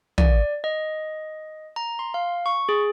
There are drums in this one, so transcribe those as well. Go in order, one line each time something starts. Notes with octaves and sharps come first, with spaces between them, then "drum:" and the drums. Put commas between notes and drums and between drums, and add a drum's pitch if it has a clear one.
D5, drum: tom
D#5
A#5
C6
F5
C#6
G#4